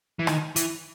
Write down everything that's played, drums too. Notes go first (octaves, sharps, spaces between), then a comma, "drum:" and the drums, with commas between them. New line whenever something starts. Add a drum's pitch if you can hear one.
E3
D#3, drum: rim click
E3, drum: hi-hat